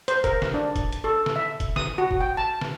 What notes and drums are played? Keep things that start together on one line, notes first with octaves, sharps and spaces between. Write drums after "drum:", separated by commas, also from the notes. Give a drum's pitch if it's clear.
C5, drum: hi-hat
A#4, drum: kick, hi-hat
drum: snare
D4
drum: kick, hi-hat
drum: hi-hat
A4
drum: snare
E5
drum: kick, hi-hat
D#6, drum: snare
F#4
drum: kick
G5
A5
drum: snare